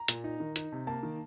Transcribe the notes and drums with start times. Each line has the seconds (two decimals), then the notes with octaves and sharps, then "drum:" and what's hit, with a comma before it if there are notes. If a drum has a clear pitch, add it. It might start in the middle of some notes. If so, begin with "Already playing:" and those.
Already playing: A#5
0.08 A#2, drum: hi-hat
0.24 D#4
0.40 D#3
0.56 D#4, drum: hi-hat
0.72 C3
0.87 A#3 A5
1.03 D#3